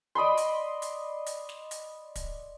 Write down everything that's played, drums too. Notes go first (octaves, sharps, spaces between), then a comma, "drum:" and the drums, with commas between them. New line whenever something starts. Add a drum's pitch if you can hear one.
D5 D#5 B5 C6
drum: hi-hat
drum: hi-hat
drum: hi-hat
drum: snare
drum: hi-hat
drum: kick, hi-hat